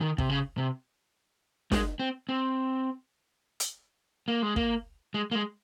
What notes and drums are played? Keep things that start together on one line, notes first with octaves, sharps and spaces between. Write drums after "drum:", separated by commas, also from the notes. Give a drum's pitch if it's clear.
D#3
C3, drum: kick
C#3
C3
G#3, drum: snare
C4
C4
drum: hi-hat
A#3
G#3
A#3, drum: kick
G#3
A#3
G#3